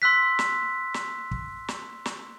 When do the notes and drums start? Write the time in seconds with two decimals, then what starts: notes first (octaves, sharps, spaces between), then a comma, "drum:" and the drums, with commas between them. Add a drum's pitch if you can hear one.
0.02 C6 E6 F#6 B6
0.39 drum: snare
0.94 drum: snare
1.31 drum: kick
1.68 drum: snare
2.06 drum: snare